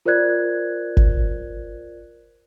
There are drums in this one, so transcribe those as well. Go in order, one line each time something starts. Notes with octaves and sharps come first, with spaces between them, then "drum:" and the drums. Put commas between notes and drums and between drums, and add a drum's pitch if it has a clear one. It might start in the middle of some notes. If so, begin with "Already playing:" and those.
F4 A#4 C5 D5 F#6 G#6
drum: kick